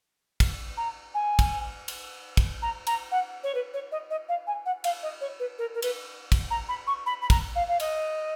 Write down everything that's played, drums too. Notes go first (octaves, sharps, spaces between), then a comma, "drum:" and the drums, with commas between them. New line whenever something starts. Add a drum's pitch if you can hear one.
drum: kick, cymbal
A#5
G#5
drum: kick, cymbal
drum: cymbal
drum: kick, cymbal
A#5
A#5, drum: cymbal
F#5
C#5
B4
C#5
D#5
D#5
F5
G#5
F#5
F5, drum: cymbal
D#5
C#5
B4
A#4
A#4
B4, drum: cymbal
drum: kick, cymbal
A#5
B5
C#6
B5
B5
A#5, drum: kick, cymbal
F5
F5
D#5, drum: cymbal